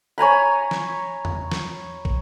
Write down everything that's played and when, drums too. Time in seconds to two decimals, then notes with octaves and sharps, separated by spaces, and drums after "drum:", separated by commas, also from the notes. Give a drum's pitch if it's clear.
0.18 C#5 G#5 A#5 B5
0.71 drum: snare
1.25 drum: tom E2
1.52 drum: snare
2.05 drum: kick